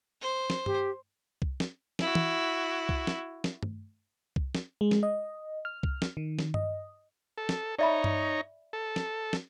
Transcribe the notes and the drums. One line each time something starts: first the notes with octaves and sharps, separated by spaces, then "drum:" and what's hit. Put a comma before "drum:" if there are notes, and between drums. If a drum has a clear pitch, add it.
C5
drum: snare
G4, drum: tom G2
drum: kick C2
drum: snare
E4 F#4, drum: snare
drum: tom
drum: kick C2
drum: snare
drum: snare
drum: tom G2
drum: kick C2
drum: snare
G#3
drum: snare
D#5
F6
drum: kick C2
drum: snare
D#3
drum: snare
D#5, drum: tom G2
A4
drum: snare
D#4 C#5 D5 E5 A#5 B5
drum: tom G2
A4
drum: snare
drum: snare